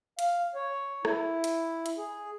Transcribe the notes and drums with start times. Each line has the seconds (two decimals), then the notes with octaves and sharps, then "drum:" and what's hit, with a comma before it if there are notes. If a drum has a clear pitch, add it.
0.19 F5, drum: hi-hat
0.55 C#5
1.05 E4, drum: rim click
1.44 drum: hi-hat
1.86 drum: hi-hat
1.98 G#4